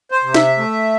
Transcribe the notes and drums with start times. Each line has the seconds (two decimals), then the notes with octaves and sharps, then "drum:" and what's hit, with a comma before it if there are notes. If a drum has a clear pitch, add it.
0.11 C5
0.23 C3
0.34 E5, drum: snare
0.58 A3